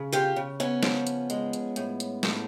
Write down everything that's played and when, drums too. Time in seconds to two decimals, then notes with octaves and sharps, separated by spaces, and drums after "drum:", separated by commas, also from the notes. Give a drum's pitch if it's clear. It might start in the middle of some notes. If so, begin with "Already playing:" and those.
Already playing: C#3
0.12 F4 G4
0.36 C#3
0.60 B3 C#4
0.83 F3, drum: snare
1.07 drum: hi-hat
1.30 G#3, drum: hi-hat
1.53 drum: hi-hat
1.76 A2, drum: hi-hat
2.00 drum: hi-hat
2.23 A2, drum: snare